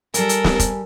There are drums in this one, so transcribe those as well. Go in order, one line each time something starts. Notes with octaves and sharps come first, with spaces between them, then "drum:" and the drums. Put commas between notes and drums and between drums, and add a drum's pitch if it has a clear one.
G3 A4 A#4 G#5, drum: hi-hat
drum: hi-hat
drum: snare
drum: kick F1, hi-hat